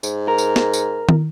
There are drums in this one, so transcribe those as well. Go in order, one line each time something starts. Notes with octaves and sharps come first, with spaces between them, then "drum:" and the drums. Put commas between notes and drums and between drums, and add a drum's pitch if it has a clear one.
G#2, drum: tambourine
A#4
drum: tambourine
drum: snare
drum: tambourine
drum: tom